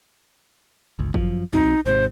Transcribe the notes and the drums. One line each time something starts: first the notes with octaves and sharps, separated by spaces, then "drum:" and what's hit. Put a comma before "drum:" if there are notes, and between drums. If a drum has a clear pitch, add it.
G1 C#2
F#2 F3, drum: kick G1
B1 F#3 C4 D#4, drum: tom
G#1 G#2 C3 C5